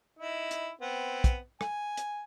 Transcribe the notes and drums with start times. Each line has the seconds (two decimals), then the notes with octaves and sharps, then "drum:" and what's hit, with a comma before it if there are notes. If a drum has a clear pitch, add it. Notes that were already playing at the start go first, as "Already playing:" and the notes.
0.19 D#4 E4
0.51 drum: hi-hat
0.81 B3 C4
1.24 drum: kick, hi-hat
1.61 G#5, drum: rim click
1.97 drum: hi-hat